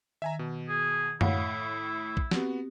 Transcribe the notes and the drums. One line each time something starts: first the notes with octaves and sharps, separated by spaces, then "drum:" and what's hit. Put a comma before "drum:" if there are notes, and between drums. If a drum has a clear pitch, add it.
D#3 E5 G#5 A#5
B2
G#4
A2 E4 C#5 F5 F#5, drum: tom F#2
drum: kick
B3 C4 F#4 G4, drum: snare